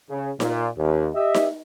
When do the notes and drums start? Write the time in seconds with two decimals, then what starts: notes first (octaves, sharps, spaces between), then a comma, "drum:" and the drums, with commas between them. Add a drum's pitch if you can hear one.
0.10 C#3
0.40 A#2, drum: snare D#4
0.76 D#2
1.15 G4 D#5 E5
1.34 drum: snare D#4